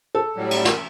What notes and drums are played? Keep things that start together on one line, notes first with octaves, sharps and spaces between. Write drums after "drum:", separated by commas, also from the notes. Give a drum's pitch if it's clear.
A4
A2 F#3 G3
drum: cymbal
drum: snare